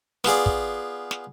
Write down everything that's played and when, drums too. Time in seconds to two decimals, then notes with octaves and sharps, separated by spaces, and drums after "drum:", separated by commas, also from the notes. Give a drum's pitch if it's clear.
0.24 B3 F4 G#4 D5, drum: snare
0.46 drum: kick
1.11 drum: snare